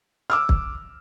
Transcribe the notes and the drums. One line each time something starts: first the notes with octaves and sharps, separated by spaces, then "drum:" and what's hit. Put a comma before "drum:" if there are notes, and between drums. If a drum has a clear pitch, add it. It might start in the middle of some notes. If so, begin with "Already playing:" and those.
D6 E6 F6
drum: kick